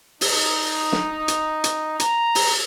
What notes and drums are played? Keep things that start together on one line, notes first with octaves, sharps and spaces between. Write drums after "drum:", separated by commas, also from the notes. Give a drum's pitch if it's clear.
D#4, drum: open hi-hat
drum: snare
drum: hi-hat
drum: hi-hat
A#5, drum: hi-hat
drum: open hi-hat